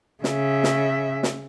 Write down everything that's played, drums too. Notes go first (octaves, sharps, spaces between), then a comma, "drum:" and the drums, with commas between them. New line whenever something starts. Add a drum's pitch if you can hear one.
C#3 E5, drum: snare
drum: snare
drum: snare